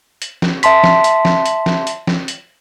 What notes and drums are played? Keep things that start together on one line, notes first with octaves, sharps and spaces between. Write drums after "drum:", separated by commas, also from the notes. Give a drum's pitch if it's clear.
drum: hi-hat
drum: snare
E5 A5 C6 B6, drum: hi-hat
drum: snare
drum: hi-hat
drum: snare
drum: hi-hat
drum: snare
drum: hi-hat
drum: snare
drum: hi-hat